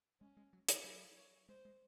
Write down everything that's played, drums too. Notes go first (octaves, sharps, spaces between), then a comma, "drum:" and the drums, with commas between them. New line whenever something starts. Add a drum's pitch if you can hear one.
G#3 C#4
G#3
F#3
E3, drum: hi-hat
F#3 E4
C#5
G#3 C5
G#3